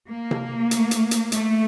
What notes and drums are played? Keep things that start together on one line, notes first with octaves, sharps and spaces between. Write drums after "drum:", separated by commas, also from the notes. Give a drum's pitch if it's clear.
A#3
drum: tom C3
drum: hi-hat
drum: hi-hat
drum: hi-hat
A3, drum: hi-hat